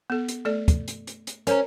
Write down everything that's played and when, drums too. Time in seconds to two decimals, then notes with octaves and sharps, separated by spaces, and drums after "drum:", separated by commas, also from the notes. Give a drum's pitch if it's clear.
0.10 B3 A4
0.28 drum: hi-hat
0.45 A3 A4 D5
0.68 drum: kick, hi-hat
0.88 drum: hi-hat
1.07 drum: hi-hat
1.27 drum: hi-hat
1.47 C#4 A#4 C5 A#5, drum: hi-hat